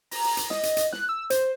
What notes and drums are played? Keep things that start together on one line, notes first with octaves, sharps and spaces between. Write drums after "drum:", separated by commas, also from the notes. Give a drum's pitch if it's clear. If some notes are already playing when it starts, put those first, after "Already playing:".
A#5, drum: open hi-hat
drum: open hi-hat
drum: hi-hat
D#5, drum: snare
drum: hi-hat
drum: hi-hat
F#6, drum: snare
E6
C5, drum: hi-hat